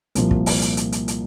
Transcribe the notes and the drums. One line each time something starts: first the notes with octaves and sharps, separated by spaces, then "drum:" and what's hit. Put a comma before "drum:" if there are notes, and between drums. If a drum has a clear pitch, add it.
C2 A#2 F3, drum: hi-hat
drum: kick
drum: open hi-hat
drum: hi-hat
drum: hi-hat
drum: hi-hat
drum: hi-hat